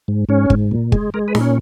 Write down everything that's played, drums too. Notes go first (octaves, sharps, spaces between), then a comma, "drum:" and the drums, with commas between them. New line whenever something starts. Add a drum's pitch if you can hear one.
G#2
G#2 C#4
G#2, drum: kick
A#2
G#3, drum: kick
G#3 A#4
B4
A#2, drum: snare D#4
C#4